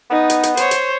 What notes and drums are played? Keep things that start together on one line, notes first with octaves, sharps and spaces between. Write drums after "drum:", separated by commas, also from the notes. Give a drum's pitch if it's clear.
B3 D#4
drum: hi-hat
drum: hi-hat
C5 C#5, drum: hi-hat
drum: hi-hat